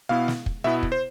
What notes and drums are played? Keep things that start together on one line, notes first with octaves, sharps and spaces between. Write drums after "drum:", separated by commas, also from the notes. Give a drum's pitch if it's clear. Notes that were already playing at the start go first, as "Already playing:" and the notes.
B2 B3 E4 F5
drum: snare
drum: kick
B2 B3 E4 E5
drum: kick
C5